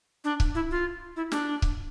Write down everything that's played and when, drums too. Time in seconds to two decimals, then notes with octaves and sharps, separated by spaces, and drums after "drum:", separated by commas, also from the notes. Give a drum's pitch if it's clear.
0.24 D4
0.40 drum: kick C#1
0.55 E4
0.71 F4
1.16 E4
1.32 D4, drum: snare
1.62 drum: kick C#1